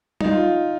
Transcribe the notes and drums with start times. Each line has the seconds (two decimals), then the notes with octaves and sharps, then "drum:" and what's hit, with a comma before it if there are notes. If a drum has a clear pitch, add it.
0.21 D#4, drum: tom F#3
0.31 F4